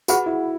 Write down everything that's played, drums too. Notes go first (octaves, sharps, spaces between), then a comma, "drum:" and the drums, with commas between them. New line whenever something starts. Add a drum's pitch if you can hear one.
F#4 G#4 B4 F#5 B5, drum: tambourine
E4